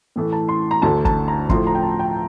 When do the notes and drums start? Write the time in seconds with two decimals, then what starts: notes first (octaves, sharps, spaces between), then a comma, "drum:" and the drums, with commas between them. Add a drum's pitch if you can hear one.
0.16 A2 E3 A3
0.32 A5
0.49 C6
0.71 A#5
0.82 D2 D3 A3 A5
1.05 A5, drum: kick
1.28 A#5
1.49 A2 F3 A3 C6, drum: kick
1.67 A#5
1.75 G5
1.83 A5
1.99 G5